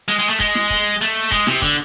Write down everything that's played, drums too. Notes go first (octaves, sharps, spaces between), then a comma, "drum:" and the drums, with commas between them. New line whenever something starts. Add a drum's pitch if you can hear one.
G#3
G#3
A3
G#3, drum: kick
drum: snare
drum: kick
A3
G#3, drum: kick
C3, drum: snare
D3, drum: kick